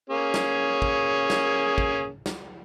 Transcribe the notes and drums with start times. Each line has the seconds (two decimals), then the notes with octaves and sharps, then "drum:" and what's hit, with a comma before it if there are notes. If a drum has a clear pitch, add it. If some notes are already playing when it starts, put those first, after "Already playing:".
0.10 A#3 C#4 G#4
0.34 drum: snare
0.82 drum: kick
1.30 drum: snare
1.78 drum: kick
2.26 drum: snare